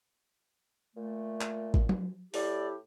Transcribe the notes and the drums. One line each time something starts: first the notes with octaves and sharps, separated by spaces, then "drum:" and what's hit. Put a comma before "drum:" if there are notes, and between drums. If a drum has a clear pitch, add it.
A#2 A3
drum: clap
drum: kick
drum: tom F#3
A2 E4 G4 D5, drum: open hi-hat